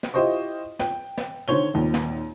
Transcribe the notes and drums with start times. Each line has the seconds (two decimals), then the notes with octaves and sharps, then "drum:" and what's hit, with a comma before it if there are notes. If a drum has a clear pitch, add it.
0.03 drum: snare
0.14 E4 F4 G4 C5 D#5 C#6
0.79 G5, drum: snare
1.18 drum: snare
1.48 D3 D#3 C5 C#5 G7
1.74 G#1 D#2 A#2
1.94 drum: snare